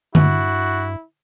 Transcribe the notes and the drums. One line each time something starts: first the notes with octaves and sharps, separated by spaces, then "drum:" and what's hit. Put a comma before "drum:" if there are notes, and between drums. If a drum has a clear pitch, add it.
G2 E4 F#4, drum: tom D3